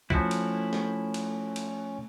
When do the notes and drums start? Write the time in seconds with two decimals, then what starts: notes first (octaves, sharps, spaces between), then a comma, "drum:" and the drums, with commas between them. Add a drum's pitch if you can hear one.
0.10 F3 A3 C#4 E4 F#4, drum: kick
0.31 drum: cymbal
0.73 drum: snare
1.14 drum: cymbal
1.56 drum: cymbal